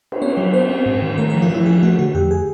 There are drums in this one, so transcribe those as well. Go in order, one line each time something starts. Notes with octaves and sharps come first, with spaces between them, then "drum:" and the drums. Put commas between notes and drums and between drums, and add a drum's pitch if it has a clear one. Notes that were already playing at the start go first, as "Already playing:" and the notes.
drum: cymbal
B3 C#5
F#3
B3 C5
C4
G#2
D#3
A3 A#4
F3 A#4
F4
F3 E4
F3 G#4
A3 F#4
D3 F#4
F2 G4
G#4